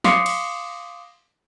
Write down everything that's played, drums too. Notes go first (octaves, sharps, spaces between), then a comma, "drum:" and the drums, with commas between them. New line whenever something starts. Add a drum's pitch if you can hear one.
F5 C6 D6 D#6 C7 C#7, drum: snare
drum: cymbal